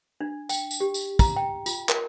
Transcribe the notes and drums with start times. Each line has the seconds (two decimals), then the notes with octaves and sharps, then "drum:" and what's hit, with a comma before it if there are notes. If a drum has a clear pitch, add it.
0.21 D4
0.49 G5, drum: tambourine
0.71 drum: tambourine
0.80 G4
0.94 drum: tambourine
1.19 A#5, drum: kick, tambourine
1.36 G5
1.66 F4, drum: tambourine
1.89 A#4, drum: clap